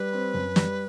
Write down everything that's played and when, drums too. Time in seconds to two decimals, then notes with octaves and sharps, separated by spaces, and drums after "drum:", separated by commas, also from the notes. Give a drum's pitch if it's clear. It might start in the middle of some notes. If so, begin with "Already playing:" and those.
Already playing: G3 B4
0.13 C4
0.34 F#2
0.56 G3, drum: snare